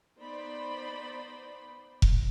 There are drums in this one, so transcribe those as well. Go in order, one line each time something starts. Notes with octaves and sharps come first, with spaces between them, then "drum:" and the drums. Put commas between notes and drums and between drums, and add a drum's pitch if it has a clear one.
B3 D#4 C5 D5 B5
drum: kick F1